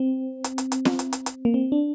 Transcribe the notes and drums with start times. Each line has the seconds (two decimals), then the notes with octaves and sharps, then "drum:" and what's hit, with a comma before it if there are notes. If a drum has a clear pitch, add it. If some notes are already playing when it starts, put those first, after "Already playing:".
Already playing: C4
0.44 drum: hi-hat
0.58 drum: hi-hat
0.72 drum: hi-hat
0.85 drum: snare
0.99 drum: hi-hat
1.13 drum: hi-hat
1.26 drum: hi-hat
1.45 A#3
1.54 C4
1.72 D4